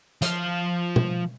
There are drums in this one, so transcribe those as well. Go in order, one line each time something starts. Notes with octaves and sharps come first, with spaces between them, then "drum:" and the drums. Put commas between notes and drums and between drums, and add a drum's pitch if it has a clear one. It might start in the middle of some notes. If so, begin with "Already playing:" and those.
F3 F5, drum: hi-hat
drum: tom